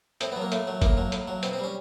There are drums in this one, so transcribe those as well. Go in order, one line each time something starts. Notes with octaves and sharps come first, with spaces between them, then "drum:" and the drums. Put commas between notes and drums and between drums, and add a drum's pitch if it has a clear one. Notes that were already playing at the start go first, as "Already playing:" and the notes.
A2 C4, drum: hi-hat
F#3 B3
A#3
A2 A3, drum: hi-hat
F#3
A2 A#3, drum: kick G1, hi-hat
F#3
A2, drum: hi-hat
F#3
B2 C4, drum: hi-hat
C4
G3 C#4